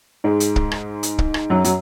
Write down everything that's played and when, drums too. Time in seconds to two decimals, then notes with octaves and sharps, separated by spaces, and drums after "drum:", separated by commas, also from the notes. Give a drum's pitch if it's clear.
0.24 G#2 G#3
0.40 drum: hi-hat
0.56 drum: kick
0.72 drum: rim click
1.03 drum: hi-hat
1.18 drum: kick
1.34 drum: rim click
1.50 F#2 F#3
1.64 F#3, drum: hi-hat